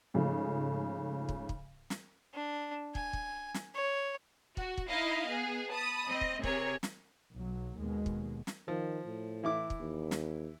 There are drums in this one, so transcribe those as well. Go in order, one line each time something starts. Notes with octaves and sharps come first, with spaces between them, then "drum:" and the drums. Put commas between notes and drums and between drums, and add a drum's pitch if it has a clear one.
G#2 C#3 F3 A3
drum: kick
drum: kick
drum: snare
D4
G#5, drum: kick
drum: kick
drum: snare
C#5
F#4, drum: kick
drum: kick
D#4 E4 D#5 F5
B3 G#4
A5 B5 D#6
C4 D#5
drum: kick
C3 G#4 A#4 C#5, drum: kick
drum: snare
B1 F#3
D#2 B2 G#3
drum: kick
drum: snare
D#3 F3
A2
E3 E4 D6
drum: kick
D#2
drum: snare